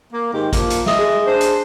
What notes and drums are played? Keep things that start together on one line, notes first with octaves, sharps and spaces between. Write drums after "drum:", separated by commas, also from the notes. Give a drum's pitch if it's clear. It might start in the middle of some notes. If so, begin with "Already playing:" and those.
A#3
G#2 D#3 G4
F3 A#3, drum: kick G#1, hi-hat
drum: hi-hat
G#3 D#5 E5, drum: snare
G#4
D4 C5
drum: hi-hat